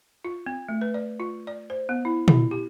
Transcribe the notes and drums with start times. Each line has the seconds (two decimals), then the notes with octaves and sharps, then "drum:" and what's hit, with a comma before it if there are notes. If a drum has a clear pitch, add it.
0.25 F4
0.46 C4
0.69 A3
0.81 B4
0.94 D5
1.20 F4
1.47 D5
1.70 C5
1.89 B3
2.05 E4
2.28 E4, drum: tom
2.51 G4